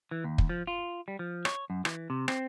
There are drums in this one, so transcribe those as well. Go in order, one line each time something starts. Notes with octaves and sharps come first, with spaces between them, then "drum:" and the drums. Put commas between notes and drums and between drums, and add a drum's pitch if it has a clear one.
E3
D#2
drum: kick
F3
F4
G3
F3
C#5, drum: rim click
F#2
E3, drum: rim click
C3
C4, drum: rim click